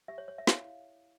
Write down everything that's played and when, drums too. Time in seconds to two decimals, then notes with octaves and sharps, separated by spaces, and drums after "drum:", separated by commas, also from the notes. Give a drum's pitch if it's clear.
0.08 G4 E5
0.18 C#5
0.28 C#5
0.38 E5
0.47 E4 C#5 F5, drum: snare